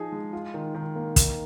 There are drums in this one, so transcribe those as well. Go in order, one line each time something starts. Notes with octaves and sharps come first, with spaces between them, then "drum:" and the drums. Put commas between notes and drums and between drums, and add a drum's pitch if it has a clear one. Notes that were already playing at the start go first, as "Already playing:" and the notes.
Already playing: F3 D#4 G#4
G#3
F4
D#3
D#3
A#3
D#3, drum: kick, hi-hat